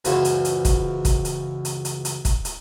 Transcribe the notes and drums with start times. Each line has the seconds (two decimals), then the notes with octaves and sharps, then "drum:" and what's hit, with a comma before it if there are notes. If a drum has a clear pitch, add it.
0.05 C#2 F#2 E3 A#3 C5 C#5, drum: hi-hat
0.25 drum: hi-hat
0.45 drum: hi-hat
0.65 drum: kick, hi-hat
1.05 drum: kick, hi-hat
1.25 drum: hi-hat
1.65 drum: hi-hat
1.85 drum: hi-hat
2.05 drum: hi-hat
2.25 drum: kick, hi-hat
2.45 drum: hi-hat